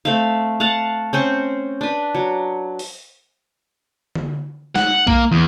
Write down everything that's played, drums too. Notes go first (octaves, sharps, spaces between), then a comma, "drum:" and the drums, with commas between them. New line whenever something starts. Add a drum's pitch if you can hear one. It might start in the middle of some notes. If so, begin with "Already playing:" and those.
A3 C4 E5 F5
F5 F#5 A5
C4 C#4 C5 C#6
D4 B4
F#3
drum: open hi-hat
drum: tom D3
F#5, drum: snare
A#3, drum: kick B1
E2